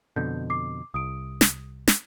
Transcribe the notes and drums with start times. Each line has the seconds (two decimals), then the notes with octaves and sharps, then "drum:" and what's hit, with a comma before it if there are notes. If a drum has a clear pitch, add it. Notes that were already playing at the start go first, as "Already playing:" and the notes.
0.16 F2 B2 D3 G6
0.50 D6 C7
0.94 C2 D#6 D7
1.41 drum: snare
1.88 drum: snare